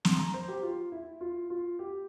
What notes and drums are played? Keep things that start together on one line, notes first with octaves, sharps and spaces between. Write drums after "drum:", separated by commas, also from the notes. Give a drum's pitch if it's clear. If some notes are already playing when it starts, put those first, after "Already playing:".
C6, drum: snare
A#5
C5
G4
F4
E4
F4
F4
G4